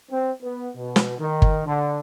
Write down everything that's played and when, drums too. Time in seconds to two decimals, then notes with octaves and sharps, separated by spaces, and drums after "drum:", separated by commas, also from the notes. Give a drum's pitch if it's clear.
0.12 C4
0.42 B3
0.75 B2
0.96 drum: snare
1.19 D#3
1.42 drum: kick G1
1.67 D3